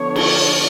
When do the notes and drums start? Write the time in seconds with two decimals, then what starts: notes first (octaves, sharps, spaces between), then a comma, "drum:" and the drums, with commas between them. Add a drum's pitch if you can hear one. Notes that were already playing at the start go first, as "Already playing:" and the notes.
Already playing: D3 F3 B3 D4 C#5
0.16 drum: cymbal